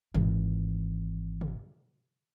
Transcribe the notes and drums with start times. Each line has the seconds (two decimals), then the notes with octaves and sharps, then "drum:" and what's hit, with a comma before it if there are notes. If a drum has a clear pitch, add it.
0.14 G#1 E3, drum: tom
1.41 drum: tom